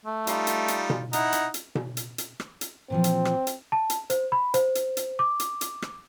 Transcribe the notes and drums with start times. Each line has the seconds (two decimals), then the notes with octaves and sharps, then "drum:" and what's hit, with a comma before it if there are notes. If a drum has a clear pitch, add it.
0.05 A3
0.27 G3 D#4 F4, drum: hi-hat
0.47 drum: hi-hat
0.68 drum: hi-hat
0.90 drum: tom B2
1.13 D#4 E4 F#5 A#5, drum: hi-hat
1.32 drum: hi-hat
1.54 drum: hi-hat
1.75 drum: tom B2
1.97 drum: hi-hat
2.18 drum: hi-hat
2.40 drum: rim click
2.61 drum: hi-hat
2.90 A#2 E3 F3 C4
3.04 drum: hi-hat
3.25 drum: rim click
3.47 drum: hi-hat
3.72 A5
3.90 drum: hi-hat
4.10 C5, drum: hi-hat
4.32 B5
4.54 C5, drum: hi-hat
4.75 drum: hi-hat
4.97 drum: hi-hat
5.19 D6
5.40 drum: hi-hat
5.61 drum: hi-hat
5.82 drum: rim click